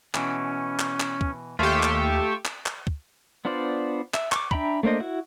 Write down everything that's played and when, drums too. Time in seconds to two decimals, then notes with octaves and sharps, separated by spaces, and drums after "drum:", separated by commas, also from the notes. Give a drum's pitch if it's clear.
0.15 B2 E3 C#4, drum: clap
0.79 drum: clap
1.00 drum: clap
1.21 drum: kick
1.59 D#2 A3 F4 G4 G#4 C#6 E6
1.83 drum: clap
2.45 drum: clap
2.66 drum: clap
2.87 drum: kick
3.45 B3 D4 F4 C5 D5
4.14 E5, drum: clap
4.32 C#6 D6, drum: clap
4.51 D4 E5 G5 A#5 B5, drum: kick
4.83 A3 A#3 D4 C5 D#5
5.00 E4 F#4